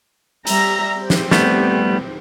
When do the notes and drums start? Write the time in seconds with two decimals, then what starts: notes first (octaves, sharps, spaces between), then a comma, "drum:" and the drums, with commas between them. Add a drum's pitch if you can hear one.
0.47 G3 E5 A#5, drum: hi-hat
0.97 C4 G4
1.10 drum: snare
1.31 G3 A3 B3, drum: snare